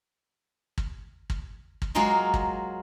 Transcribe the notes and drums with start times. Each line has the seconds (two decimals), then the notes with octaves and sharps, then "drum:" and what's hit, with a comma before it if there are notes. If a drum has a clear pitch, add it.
0.78 drum: kick
1.30 drum: kick
1.82 drum: kick
1.95 F#3 G#3 A#3 F4 A#4 D#5
2.34 drum: kick